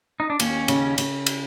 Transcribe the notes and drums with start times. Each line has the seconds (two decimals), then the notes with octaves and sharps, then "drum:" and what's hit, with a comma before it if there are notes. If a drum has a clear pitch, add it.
0.20 D#4
0.30 D4
0.40 D#2 C#4, drum: cymbal
0.68 C#3, drum: cymbal
0.98 C#3, drum: cymbal
1.26 drum: cymbal